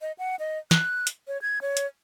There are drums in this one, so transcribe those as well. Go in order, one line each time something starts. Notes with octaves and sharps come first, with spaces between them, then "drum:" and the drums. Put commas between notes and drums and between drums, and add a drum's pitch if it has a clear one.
D#5
F#5
D#5
F#6, drum: snare
drum: hi-hat
C#5
G#6
C#5
drum: hi-hat